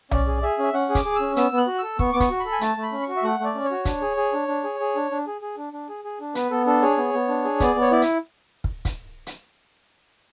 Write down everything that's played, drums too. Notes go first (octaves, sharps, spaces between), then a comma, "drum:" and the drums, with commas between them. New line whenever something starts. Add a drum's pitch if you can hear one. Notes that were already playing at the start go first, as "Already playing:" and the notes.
C#4 D5, drum: tom B1
G#4
G#4 E5
C#4 E5
C#4 F#5
G#4
D6, drum: kick, hi-hat
G#4
C#4 E6
B3 E6, drum: hi-hat
B3
F#6
F#4
A4 E6
B3 C#6, drum: kick
B3 D6
C#6, drum: kick, hi-hat
F#4
B5
A4
G#5
A3 A5, drum: hi-hat
A3
B5
C#4
C#6
F#4
E5
A3 F#5
A3 D5
C#4
C#5
F#4
D4, drum: kick, hi-hat
G#4
G#4
D4
D4
G#4
G#4
D4
D4
G#4
G#4
D4
D4
G#4
G#4
D4
B3 B4, drum: hi-hat
B3 A4
D4 A4
G#4 C#5
B3
B3
D4
G#4
B3 D5, drum: kick, hi-hat
B3
C#5
E4 D5
drum: hi-hat
drum: kick
drum: kick, hi-hat
drum: hi-hat